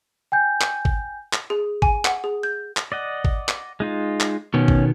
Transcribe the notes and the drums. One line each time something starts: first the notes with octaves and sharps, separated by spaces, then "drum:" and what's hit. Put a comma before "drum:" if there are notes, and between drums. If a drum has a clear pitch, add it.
G5 G#5 G6
drum: clap
drum: kick G#1
drum: clap
G#4
G#5, drum: kick G#1
F#5, drum: clap
G#4
G6
drum: clap
D5 D#5 F#5
drum: kick G#1
drum: clap
G#3 D#4 F4
drum: clap
B2 D#3 B3 C#4
drum: kick G#1